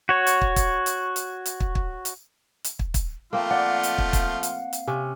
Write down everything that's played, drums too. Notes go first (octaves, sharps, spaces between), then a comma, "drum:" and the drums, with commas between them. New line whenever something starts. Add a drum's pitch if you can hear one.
F#4 C#5
drum: hi-hat
drum: kick
drum: kick, hi-hat
drum: hi-hat
drum: hi-hat
drum: hi-hat
drum: kick
drum: kick
drum: hi-hat
drum: hi-hat
drum: kick
drum: kick, hi-hat
F3 A3 A#3 C4 F4 F5
D5 F#5
drum: hi-hat
drum: kick
drum: kick, hi-hat
drum: hi-hat
drum: hi-hat
C3 C#4